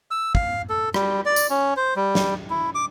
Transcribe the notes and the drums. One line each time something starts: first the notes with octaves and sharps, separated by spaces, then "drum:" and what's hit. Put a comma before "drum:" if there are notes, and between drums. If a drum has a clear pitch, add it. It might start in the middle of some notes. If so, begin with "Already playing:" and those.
E6
F5, drum: kick
A4
G3, drum: rim click
D5
drum: tambourine
C#4
C5
G3
drum: snare
E4
D6